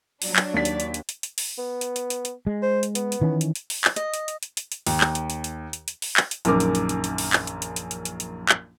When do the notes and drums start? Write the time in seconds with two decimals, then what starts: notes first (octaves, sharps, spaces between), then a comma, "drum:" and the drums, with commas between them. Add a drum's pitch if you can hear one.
0.22 F#3 D4, drum: open hi-hat
0.36 drum: clap
0.54 D#2 D5 B6
0.65 drum: hi-hat
0.80 drum: hi-hat
0.94 drum: hi-hat
1.09 drum: hi-hat
1.23 drum: hi-hat
1.38 drum: open hi-hat
1.58 B3
1.81 drum: hi-hat
1.96 drum: hi-hat
2.10 drum: hi-hat
2.25 drum: hi-hat
2.47 G#3
2.62 C5
2.83 drum: hi-hat
2.95 B3, drum: hi-hat
3.12 drum: hi-hat
3.21 D#3 E3 C#4
3.41 drum: hi-hat
3.55 drum: hi-hat
3.70 drum: open hi-hat
3.85 drum: clap
3.96 D#5, drum: hi-hat
4.14 drum: hi-hat
4.28 drum: hi-hat
4.43 drum: hi-hat
4.57 drum: hi-hat
4.72 drum: hi-hat
4.87 D#2, drum: open hi-hat
5.01 drum: clap
5.15 drum: hi-hat
5.30 drum: hi-hat
5.44 drum: hi-hat
5.73 drum: hi-hat
5.88 drum: hi-hat
6.02 drum: open hi-hat
6.17 drum: clap
6.31 drum: hi-hat
6.45 A#1 F#2 D#3 A#4 D6, drum: hi-hat
6.60 drum: hi-hat
6.75 drum: hi-hat
6.89 drum: hi-hat
7.04 drum: hi-hat
7.18 drum: open hi-hat
7.33 drum: clap
7.47 drum: hi-hat
7.62 drum: hi-hat
7.76 drum: hi-hat
7.91 drum: hi-hat
8.05 drum: hi-hat
8.20 drum: hi-hat
8.49 drum: clap